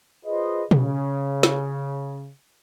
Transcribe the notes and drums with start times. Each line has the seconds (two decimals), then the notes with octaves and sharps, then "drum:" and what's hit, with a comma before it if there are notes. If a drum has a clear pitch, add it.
0.26 F4 G#4 B4 C5 D#5
0.71 C#3, drum: tom B2
1.43 drum: snare